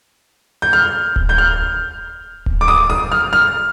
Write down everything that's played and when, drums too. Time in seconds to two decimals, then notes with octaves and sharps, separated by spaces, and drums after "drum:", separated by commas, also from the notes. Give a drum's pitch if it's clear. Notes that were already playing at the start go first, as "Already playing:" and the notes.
0.62 G6
0.73 F6
1.16 drum: kick D1
1.29 G6
1.38 F6
2.46 drum: kick D1
2.61 D6
2.68 D#6
2.90 D#6
3.12 F6
3.33 F6